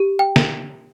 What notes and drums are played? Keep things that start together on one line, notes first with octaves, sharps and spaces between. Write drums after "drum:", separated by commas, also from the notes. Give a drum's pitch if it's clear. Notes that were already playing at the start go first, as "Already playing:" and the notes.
Already playing: G4
G5
drum: snare